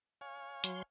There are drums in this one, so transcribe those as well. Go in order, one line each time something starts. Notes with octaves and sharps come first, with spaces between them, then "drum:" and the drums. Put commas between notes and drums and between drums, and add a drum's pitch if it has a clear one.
C#5 F5 G#5
F#3 C6, drum: hi-hat